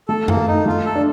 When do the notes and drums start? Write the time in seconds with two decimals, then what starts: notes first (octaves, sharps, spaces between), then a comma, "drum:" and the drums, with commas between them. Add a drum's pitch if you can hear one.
0.08 A3 A4
0.28 A#3, drum: tom F#2
0.37 A3
0.48 D#4
0.66 A3 F4
0.86 A4
0.95 D4